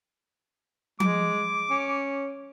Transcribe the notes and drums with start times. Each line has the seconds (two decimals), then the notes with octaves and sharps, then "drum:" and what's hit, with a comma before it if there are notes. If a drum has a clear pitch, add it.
1.00 G#3 D6, drum: tom F3
1.70 C#4